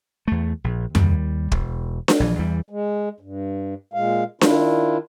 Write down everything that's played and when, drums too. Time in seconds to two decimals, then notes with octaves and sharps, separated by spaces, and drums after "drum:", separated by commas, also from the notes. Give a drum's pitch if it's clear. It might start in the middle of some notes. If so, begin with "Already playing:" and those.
0.28 E2 A3
0.64 A#1
0.95 D#2 G3, drum: tom F2
1.52 E1, drum: kick
2.08 drum: snare D4
2.20 A#1 E3 F3
2.39 E2 E3 G3
2.70 G#3
3.20 G2
3.94 A#2 G#3 F5
4.41 D#3 D4 E4 F4, drum: snare D4